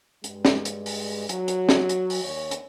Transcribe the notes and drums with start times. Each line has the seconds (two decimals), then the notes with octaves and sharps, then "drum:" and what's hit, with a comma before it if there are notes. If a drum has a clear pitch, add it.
0.24 G2 G#3, drum: hi-hat
0.45 drum: snare
0.65 drum: hi-hat
0.86 drum: open hi-hat
1.29 F#3, drum: hi-hat
1.48 drum: hi-hat
1.69 drum: snare
1.89 drum: hi-hat
2.10 drum: open hi-hat
2.24 D#2 C#5
2.51 drum: hi-hat